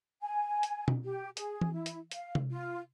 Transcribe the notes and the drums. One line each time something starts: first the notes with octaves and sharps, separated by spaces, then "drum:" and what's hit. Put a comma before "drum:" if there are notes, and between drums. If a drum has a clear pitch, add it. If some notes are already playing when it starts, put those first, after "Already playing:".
G#5
drum: hi-hat
drum: tom B2
G4
G#4, drum: hi-hat
drum: tom E3
E4
drum: hi-hat
F5, drum: hi-hat
drum: tom C3
F4